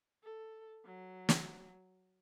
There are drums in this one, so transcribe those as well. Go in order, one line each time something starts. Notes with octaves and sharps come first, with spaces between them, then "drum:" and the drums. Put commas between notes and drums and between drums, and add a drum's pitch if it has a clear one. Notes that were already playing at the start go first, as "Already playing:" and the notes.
A4
F#3
drum: snare